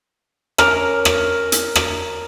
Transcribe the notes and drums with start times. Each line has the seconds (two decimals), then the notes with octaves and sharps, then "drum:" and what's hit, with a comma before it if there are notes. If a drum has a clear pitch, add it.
0.58 C#4 A#4 D6, drum: rim click
1.05 drum: rim click
1.52 drum: hi-hat
1.75 drum: rim click